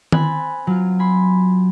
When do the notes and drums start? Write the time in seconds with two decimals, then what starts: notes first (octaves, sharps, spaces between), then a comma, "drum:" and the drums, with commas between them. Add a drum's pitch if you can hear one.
0.12 C4 G#5 B5 F#6 A6, drum: tom D#3
0.67 F#3 F4
0.99 G#5 B5 C6